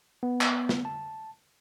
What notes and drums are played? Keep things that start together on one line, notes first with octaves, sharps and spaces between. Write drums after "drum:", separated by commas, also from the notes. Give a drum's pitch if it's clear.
B3
drum: clap
drum: snare
A5